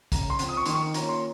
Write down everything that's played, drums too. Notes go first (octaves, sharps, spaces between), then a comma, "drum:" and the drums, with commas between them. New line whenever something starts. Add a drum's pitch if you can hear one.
C#3 A#5, drum: kick, hi-hat
C6
F3 C4, drum: hi-hat
D#6
C#6
D#3 C6, drum: hi-hat
C#6
A#3 C#4 F4 A#5, drum: hi-hat
C6